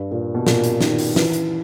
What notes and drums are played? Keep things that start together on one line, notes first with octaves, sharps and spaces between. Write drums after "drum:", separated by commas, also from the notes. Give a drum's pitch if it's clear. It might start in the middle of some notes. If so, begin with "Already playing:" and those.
Already playing: G2
A#2
B2
A#2, drum: snare
drum: hi-hat
D#3, drum: snare
drum: open hi-hat
E3, drum: snare
drum: hi-hat